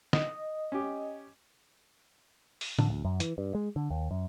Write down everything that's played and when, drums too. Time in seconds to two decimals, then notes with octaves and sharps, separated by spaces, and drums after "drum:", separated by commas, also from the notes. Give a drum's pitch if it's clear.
0.13 D#5, drum: snare
0.72 C#4 G4
2.61 drum: open hi-hat
2.79 D3, drum: tom A2
2.90 D2
3.05 F#2
3.20 E3, drum: hi-hat
3.38 G2
3.55 G#3
3.76 D3
3.90 D#2
4.11 F#2